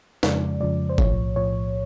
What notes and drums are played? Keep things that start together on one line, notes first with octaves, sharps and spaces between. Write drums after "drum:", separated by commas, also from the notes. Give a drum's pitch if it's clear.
F2 C#3 F3 G#3 D5, drum: snare
F2 C#3 F3 G#3 D5
C5
B1 A2 F3 C#5, drum: kick G1
B1 A2 F3 C#5